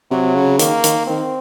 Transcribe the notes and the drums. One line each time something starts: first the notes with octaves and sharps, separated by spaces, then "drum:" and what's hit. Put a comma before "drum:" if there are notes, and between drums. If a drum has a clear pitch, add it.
C3 F#3
C#3
D#3 A#3, drum: hi-hat
D#3, drum: hi-hat
D#3 C4